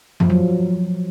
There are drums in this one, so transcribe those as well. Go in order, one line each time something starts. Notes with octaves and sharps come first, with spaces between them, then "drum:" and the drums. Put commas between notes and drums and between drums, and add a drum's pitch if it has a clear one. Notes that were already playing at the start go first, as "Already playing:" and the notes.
F3, drum: tom F2
F#3